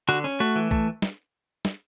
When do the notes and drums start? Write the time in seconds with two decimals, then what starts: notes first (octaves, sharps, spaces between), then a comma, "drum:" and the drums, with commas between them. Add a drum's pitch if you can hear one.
0.09 D3 F#4
0.24 C#4
0.40 A3 F#4
0.56 E3
0.71 A3, drum: kick
1.02 drum: snare
1.65 drum: snare